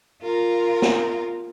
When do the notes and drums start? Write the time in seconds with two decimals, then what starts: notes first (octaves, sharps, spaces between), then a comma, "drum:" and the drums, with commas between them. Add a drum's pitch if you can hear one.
0.23 F4 A#4
0.82 drum: snare